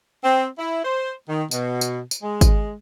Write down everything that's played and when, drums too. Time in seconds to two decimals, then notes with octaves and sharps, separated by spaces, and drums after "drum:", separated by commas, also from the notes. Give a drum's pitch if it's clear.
0.24 C4
0.58 E4
0.84 C5
1.28 D#3
1.51 B2, drum: tambourine
1.81 drum: tambourine
2.11 drum: tambourine
2.22 G#3
2.41 drum: kick G#1, tambourine